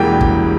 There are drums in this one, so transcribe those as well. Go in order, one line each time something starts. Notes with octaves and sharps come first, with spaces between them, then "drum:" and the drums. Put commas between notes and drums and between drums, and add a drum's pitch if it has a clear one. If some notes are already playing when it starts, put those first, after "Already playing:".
Already playing: E1 E2 E3 G3 A#3 G5
drum: kick